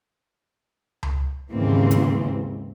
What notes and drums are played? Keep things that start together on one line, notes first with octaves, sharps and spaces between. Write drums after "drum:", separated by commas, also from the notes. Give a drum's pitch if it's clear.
drum: tom C#2
D#2 G#2 C#3 E3 A#3 C4
drum: hi-hat